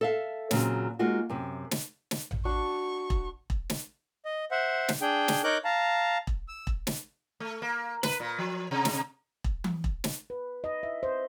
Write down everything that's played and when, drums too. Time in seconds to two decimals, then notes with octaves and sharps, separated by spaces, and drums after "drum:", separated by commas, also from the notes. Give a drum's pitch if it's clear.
0.01 A4 E5 F5
0.51 A#2 C#3 F#3 C4, drum: snare
0.99 G#3 A#3 D#4 F4 F#4
1.30 F#2 C3
1.71 drum: snare
2.11 drum: snare
2.31 drum: tom A1
2.45 D4 F#4 C#6
3.10 drum: kick E1
3.50 drum: kick E1
3.70 drum: snare
4.25 D#5
4.51 C5 E5 F#5
4.88 drum: snare
5.01 D4 G#4 G5
5.28 drum: snare
5.44 D#4 A#4 C#5 D6 F#6 G6
5.64 F5 A5 A#5
6.27 drum: kick E1
6.48 E6
6.67 drum: kick E1
6.87 drum: snare
7.40 A3
7.62 A#3
8.03 B4, drum: snare
8.20 A#2
8.38 F3
8.71 C3
8.85 drum: snare
9.44 drum: kick E1
9.64 drum: tom E3
9.84 drum: kick E1
10.04 drum: snare
10.30 B4
10.64 D#5
10.83 E5
11.03 C5